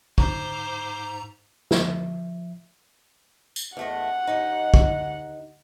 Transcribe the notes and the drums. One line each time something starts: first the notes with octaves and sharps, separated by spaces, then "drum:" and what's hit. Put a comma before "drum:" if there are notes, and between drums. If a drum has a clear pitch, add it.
G#2 C5 A#5 D6, drum: kick
F3 E5, drum: snare
drum: tambourine
E2 A3 D#5 F#5
D#2 D#4
drum: kick